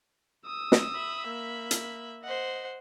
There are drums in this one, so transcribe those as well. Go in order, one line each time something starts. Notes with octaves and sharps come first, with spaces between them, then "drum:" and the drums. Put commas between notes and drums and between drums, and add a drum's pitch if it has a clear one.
D#6 E6
drum: snare
E5 B5
A#3
drum: hi-hat
C5 D#5 F#5